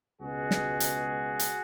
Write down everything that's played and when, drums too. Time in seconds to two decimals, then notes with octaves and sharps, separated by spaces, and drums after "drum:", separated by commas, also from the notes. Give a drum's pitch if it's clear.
0.21 C#2 B2 G#3 F#4 G#4
0.51 drum: snare
0.80 drum: hi-hat
1.39 drum: hi-hat